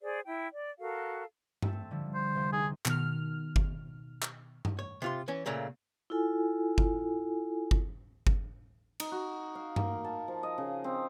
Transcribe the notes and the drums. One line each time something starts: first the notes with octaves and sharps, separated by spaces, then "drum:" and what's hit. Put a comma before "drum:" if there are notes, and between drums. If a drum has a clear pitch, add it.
G#4 C5 D5
E4 G5
D5
F#4 A4 A#4 F5
A3 C4 A4, drum: tom G2
D3 F3 G3
C5
F1 F3 G4
D#4 G#4 C6
B2 D#3 F6, drum: clap
drum: kick G1
drum: clap
drum: tom G2
C#5
C3 F4 C6
E3 C#4
A#2 C#3 A3 A#3
E4 F4 A4 G#5
drum: kick G1
drum: kick G1
drum: kick G1
D#4, drum: cymbal
F#4
F5
A#3, drum: tom G2
A5
F3
D#5
C#3
C4